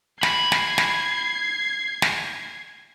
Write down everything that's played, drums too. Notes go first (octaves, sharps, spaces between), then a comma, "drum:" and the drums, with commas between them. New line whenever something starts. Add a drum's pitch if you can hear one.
B5 G#6 C7, drum: snare
drum: snare
drum: snare
drum: snare